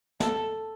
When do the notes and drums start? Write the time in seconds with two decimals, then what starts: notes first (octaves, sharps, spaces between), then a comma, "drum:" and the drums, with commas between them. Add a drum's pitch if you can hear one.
0.20 A4, drum: snare